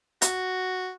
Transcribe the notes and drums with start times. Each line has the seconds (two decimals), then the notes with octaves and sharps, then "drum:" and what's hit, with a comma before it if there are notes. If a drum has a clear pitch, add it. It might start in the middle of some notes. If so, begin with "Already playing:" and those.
0.22 F#4, drum: hi-hat